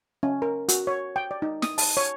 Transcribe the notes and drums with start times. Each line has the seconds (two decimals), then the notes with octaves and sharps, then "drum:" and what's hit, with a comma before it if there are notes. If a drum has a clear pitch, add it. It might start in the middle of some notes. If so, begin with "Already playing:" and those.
0.23 C#4
0.42 A#4
0.69 F#4, drum: hi-hat
0.87 C#5
1.16 G5
1.31 D5
1.42 D#4
1.62 D#6, drum: snare
1.78 A5, drum: open hi-hat
1.97 C#5